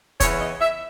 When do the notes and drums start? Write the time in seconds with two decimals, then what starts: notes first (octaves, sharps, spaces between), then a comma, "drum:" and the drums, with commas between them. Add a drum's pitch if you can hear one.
0.20 E2 C#3 E3 C#5, drum: kick, hi-hat
0.41 D#5
0.61 E5